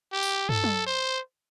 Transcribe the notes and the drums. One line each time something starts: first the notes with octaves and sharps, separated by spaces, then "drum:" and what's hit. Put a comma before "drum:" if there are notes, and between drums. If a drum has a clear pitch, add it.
G4
drum: tambourine
A4, drum: tom
drum: tom F#3
C5